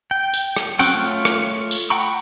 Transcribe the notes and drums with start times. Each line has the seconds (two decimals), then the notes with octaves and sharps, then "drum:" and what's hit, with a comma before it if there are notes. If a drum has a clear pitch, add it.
0.11 G5
0.34 drum: tambourine
0.56 drum: rim click
0.79 F#3 C4 C#4 F#5 G5, drum: tambourine
0.94 A3 F4 C#5
1.25 drum: rim click
1.71 drum: tambourine
1.90 F#5 G5 A#5 B5 C#6